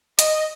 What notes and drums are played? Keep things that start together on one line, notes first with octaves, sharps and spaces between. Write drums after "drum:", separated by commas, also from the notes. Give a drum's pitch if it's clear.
D#5, drum: hi-hat